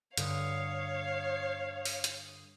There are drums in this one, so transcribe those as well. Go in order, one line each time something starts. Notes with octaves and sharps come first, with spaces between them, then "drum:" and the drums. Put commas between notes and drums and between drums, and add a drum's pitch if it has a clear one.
G2 D3 C#5 F5 D#6, drum: hi-hat
drum: open hi-hat
drum: hi-hat